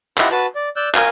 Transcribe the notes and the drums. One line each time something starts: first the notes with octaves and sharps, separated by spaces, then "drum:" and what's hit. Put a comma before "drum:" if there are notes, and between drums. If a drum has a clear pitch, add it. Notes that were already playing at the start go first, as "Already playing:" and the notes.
E4 F4 G4 D#5 E5 F#5, drum: clap
F#4 B4 A5
D5
D5 E6 F#6 G6
A#4 F5 G#5, drum: clap